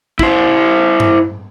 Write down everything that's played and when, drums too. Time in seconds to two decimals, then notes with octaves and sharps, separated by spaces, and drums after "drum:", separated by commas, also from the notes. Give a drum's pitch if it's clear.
0.19 E4 C5, drum: kick
1.00 drum: tom G2